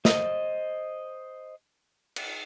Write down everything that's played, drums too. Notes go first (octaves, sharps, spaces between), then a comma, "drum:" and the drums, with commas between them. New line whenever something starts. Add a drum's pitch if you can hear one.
C5 D#5, drum: snare
drum: cymbal